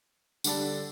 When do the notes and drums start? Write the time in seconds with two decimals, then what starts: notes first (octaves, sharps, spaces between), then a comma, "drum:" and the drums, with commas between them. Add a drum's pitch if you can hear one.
0.44 D3 G3 D4 A4, drum: tambourine